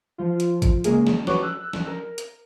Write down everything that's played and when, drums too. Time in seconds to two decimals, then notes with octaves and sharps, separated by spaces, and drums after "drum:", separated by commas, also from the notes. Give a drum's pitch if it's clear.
0.18 F3 F4
0.40 drum: hi-hat
0.62 drum: kick G#1, hi-hat
0.84 C#3 G#3 A#3 G#4, drum: hi-hat
1.07 drum: snare
1.27 F#4 B4 C#5 C#6 D6, drum: snare
1.43 E6 F#6
1.73 drum: snare
1.87 A#4
2.18 drum: hi-hat